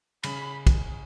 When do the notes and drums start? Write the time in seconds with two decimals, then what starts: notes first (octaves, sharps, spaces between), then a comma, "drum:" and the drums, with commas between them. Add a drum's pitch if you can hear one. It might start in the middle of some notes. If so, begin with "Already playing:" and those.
0.24 C#3 B5, drum: cymbal
0.67 drum: kick, cymbal